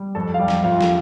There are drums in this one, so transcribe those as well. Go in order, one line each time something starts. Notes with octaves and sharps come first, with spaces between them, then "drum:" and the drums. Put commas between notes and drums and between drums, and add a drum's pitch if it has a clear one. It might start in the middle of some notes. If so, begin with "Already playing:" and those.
Already playing: G3
F2 A4 A5
F5
G3 G4 G5
drum: snare
F2 F4 F5
drum: snare